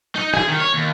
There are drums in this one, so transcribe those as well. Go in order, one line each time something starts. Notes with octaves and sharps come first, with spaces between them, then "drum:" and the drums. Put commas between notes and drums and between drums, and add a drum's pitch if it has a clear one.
D#4
G#4, drum: rim click
D#3
C#5
D#2